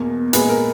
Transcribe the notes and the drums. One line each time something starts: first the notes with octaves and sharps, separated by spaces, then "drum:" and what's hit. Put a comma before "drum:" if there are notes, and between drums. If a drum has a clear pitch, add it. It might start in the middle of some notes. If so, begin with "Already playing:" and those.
Already playing: E2 B2 A#3
A#2 G#3 B3 G#4 B4, drum: hi-hat
A#4